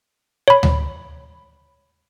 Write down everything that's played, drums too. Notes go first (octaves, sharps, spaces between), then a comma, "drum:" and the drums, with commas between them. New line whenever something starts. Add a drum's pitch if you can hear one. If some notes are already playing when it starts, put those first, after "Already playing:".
C#5 B5
drum: tom D2